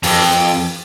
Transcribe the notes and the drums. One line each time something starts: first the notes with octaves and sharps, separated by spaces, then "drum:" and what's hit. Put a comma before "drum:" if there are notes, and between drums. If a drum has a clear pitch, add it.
F2, drum: open hi-hat